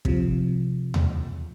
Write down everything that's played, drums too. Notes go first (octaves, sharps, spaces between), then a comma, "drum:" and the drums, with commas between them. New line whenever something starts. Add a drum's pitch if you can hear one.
C3 F3, drum: kick
drum: tom D#2